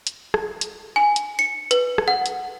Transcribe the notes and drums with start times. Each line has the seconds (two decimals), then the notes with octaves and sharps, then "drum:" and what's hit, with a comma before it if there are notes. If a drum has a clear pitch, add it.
0.07 drum: hi-hat
0.34 drum: rim click
0.61 drum: hi-hat
0.96 G#5
1.16 drum: hi-hat
1.39 C#7
1.71 B4, drum: hi-hat
1.98 drum: rim click
2.08 F#5
2.26 drum: hi-hat